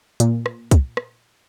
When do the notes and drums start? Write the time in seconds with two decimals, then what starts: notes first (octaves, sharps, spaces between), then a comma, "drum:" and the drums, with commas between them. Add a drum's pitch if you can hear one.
0.20 A#2, drum: hi-hat
0.46 drum: rim click
0.71 drum: kick, hi-hat
0.97 drum: rim click